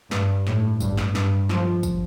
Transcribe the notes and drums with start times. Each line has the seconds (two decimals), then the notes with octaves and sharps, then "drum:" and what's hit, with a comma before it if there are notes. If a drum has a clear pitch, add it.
0.11 G2, drum: snare
0.47 A2, drum: snare
0.80 G2, drum: kick, tambourine
0.97 drum: snare
1.15 G2, drum: snare
1.49 F3, drum: snare
1.83 drum: kick, tambourine